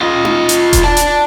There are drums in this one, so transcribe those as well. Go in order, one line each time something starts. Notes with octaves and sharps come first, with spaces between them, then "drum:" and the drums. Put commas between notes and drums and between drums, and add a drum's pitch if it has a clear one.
F4 D#5
drum: tom D#4
drum: hi-hat
drum: kick E1, hi-hat
D5 A5
drum: hi-hat